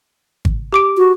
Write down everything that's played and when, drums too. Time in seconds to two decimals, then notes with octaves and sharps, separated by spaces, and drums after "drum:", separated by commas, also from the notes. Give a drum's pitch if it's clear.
0.45 drum: kick G#1
0.73 G4 D6 D7
0.97 F#4